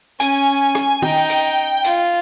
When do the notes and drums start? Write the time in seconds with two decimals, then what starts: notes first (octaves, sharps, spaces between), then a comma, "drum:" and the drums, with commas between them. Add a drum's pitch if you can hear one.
0.20 C#4 G#5, drum: hi-hat
0.75 drum: rim click
1.02 D#4 G5, drum: tom
1.30 drum: hi-hat
1.84 F4, drum: hi-hat